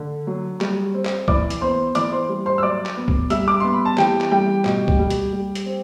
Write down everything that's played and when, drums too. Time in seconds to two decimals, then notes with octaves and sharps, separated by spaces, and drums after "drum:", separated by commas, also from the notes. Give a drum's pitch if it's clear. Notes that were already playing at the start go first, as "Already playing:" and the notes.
Already playing: D3
0.27 F#3
0.61 G3, drum: clap
0.94 C4
1.05 drum: clap
1.28 E3 D5 D6, drum: kick
1.50 drum: hi-hat
1.61 B3 C5 C6
1.95 E3 D5 D6, drum: hi-hat
2.12 C5 C6
2.29 G3
2.46 C5 C6
2.58 E6
2.63 F#3 D5 D6
2.85 drum: clap
2.97 B3
3.08 drum: kick
3.30 G3 E5 E6, drum: hi-hat
3.48 D6
3.60 B3 C6
3.73 B5
3.85 A5
3.98 E3 G4 G5, drum: clap
4.20 drum: clap
4.31 G3 G4 G5
4.65 B2, drum: clap
4.88 drum: kick
4.99 G3
5.10 drum: hi-hat
5.33 G3
5.55 drum: hi-hat
5.66 C4